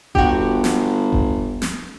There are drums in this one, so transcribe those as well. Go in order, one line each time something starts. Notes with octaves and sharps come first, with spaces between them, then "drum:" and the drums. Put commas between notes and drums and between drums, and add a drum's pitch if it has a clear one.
G1 F#4 G4, drum: kick F#1
drum: snare
drum: kick F#1
drum: snare